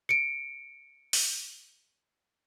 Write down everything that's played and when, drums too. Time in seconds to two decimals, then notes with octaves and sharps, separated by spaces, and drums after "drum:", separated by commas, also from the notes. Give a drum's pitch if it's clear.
0.09 C#7 D7
1.13 drum: open hi-hat